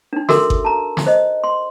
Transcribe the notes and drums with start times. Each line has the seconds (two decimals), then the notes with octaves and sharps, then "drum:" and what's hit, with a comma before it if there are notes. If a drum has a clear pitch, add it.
0.13 D4 D#4
0.29 F#4 A4 A#4 E5 C6 E6, drum: snare
0.50 drum: kick G1
0.65 A5 A#5
0.97 drum: snare
1.06 C5 D#5
1.44 C6